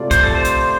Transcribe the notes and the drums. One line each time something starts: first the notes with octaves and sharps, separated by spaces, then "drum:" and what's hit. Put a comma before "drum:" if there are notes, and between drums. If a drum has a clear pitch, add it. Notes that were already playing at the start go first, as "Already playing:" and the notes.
Already playing: C3 A3 F4 D5
C5, drum: kick C2, hi-hat
A4
C5
drum: hi-hat